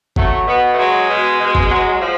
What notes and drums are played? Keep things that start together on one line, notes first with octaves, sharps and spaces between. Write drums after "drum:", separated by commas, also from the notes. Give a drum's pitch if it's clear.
F#3 A3, drum: kick
B2 B3
A3
F#3 G#3
B2
B2
drum: kick
F#3
F3